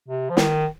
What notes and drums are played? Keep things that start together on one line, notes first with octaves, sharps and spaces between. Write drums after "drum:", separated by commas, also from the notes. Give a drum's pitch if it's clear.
C3
F3
D#3, drum: snare